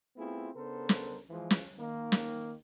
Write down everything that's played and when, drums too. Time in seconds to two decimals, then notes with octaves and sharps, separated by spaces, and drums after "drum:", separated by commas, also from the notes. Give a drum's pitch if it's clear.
0.16 A3 B3 C4 E4 F4 G#4
0.55 C#3 B3 D4 A4 A#4 C5
0.89 drum: snare
1.30 E3 F3 G#3
1.50 drum: snare
1.78 D#3 A#3
2.12 drum: snare